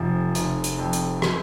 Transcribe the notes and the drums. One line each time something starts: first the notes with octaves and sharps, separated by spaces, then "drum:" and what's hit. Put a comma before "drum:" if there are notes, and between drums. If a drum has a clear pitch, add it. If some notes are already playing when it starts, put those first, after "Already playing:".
Already playing: F1 F3
F1, drum: hi-hat
drum: hi-hat
F2
drum: hi-hat
drum: rim click